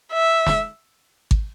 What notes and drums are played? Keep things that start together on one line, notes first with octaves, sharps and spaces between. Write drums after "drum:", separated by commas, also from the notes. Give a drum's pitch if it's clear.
E5
drum: snare
drum: kick G#1